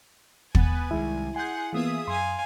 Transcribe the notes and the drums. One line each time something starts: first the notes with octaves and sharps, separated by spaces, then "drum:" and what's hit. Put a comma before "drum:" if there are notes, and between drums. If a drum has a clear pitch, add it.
B3 B4 G#5 A6, drum: kick
C2 D#3 G#3 E4
G#4 F#5 G#5 C6 G6
E3 A#3 B3 F4 G#4 E5 D#6
F#2 F5 G#5 C6